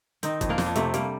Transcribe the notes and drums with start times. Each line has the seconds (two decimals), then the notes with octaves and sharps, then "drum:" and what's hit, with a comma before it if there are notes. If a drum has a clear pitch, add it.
0.23 D#3 C4 D#4, drum: hi-hat
0.41 F2, drum: kick G1, hi-hat
0.49 A#3 D4
0.58 F2, drum: snare
0.66 D4
0.75 C3 A3 C4, drum: hi-hat
0.94 C3 G3 A#3, drum: hi-hat